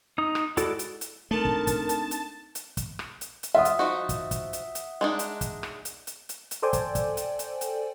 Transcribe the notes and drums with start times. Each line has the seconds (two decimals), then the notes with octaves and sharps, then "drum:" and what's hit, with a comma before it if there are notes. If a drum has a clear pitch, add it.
0.18 D#4 D#6
0.35 drum: rim click
0.57 G#3 E4 F#4 A4 D5, drum: hi-hat
0.79 drum: hi-hat
1.01 drum: hi-hat
1.31 A3 C4 D4 D#4 A#4 A5
1.45 drum: kick
1.67 drum: kick, hi-hat
1.89 drum: hi-hat
2.11 drum: hi-hat
2.55 drum: hi-hat
2.77 drum: kick, hi-hat
2.99 drum: rim click
3.21 drum: hi-hat
3.43 drum: hi-hat
3.54 F4 E5 F#5 D#6
3.65 drum: hi-hat
3.79 F3 D#4 F#4
4.09 drum: kick, hi-hat
4.31 drum: kick, hi-hat
4.53 drum: hi-hat
4.75 drum: hi-hat
5.01 G#3 D4 D#4
5.19 drum: hi-hat
5.41 drum: kick, hi-hat
5.63 drum: rim click
5.85 drum: hi-hat
6.07 drum: hi-hat
6.29 drum: hi-hat
6.51 drum: hi-hat
6.62 A4 C5 D5 G5 G#5
6.73 drum: kick, hi-hat
6.95 drum: kick, hi-hat
7.17 drum: hi-hat
7.39 drum: hi-hat
7.61 drum: hi-hat